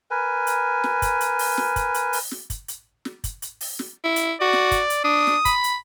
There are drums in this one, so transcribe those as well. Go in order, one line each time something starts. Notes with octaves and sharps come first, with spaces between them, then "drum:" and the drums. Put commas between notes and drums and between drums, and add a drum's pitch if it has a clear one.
A#4 B4 G#5
drum: hi-hat
drum: snare
drum: kick, hi-hat
drum: hi-hat
drum: open hi-hat
drum: snare
drum: kick, hi-hat
drum: hi-hat
drum: open hi-hat
drum: snare
drum: kick, hi-hat
drum: hi-hat
drum: snare
drum: kick, hi-hat
drum: hi-hat
drum: open hi-hat
drum: snare
E4
drum: hi-hat
F#4 D5
drum: snare
drum: kick, hi-hat
drum: hi-hat
D4 D#6
drum: snare
B5, drum: kick, hi-hat
drum: hi-hat